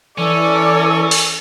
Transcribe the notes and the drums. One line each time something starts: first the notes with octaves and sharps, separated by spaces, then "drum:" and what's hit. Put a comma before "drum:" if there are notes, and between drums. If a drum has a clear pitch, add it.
E3 C#4 A4 D5
drum: open hi-hat